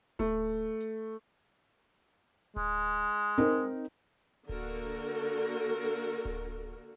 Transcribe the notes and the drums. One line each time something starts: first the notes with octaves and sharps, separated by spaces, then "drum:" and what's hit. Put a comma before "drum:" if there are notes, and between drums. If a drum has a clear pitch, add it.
A3, drum: kick D1
drum: hi-hat
G#3, drum: kick D1
C4 D#4 A#4
D3 A#3 F#4 A4 A#4, drum: kick D1
drum: open hi-hat
drum: hi-hat
drum: kick D1